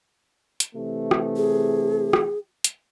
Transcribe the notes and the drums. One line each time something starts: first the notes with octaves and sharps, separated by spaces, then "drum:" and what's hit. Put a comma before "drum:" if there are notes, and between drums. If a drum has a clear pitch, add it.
drum: hi-hat
C3 E3 A3
drum: rim click
G#4
drum: rim click
drum: hi-hat